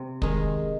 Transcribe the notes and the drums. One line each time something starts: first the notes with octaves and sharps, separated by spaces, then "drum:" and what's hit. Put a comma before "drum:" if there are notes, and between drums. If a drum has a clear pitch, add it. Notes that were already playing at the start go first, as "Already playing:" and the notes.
Already playing: C3
D#3 G#3 D#4, drum: kick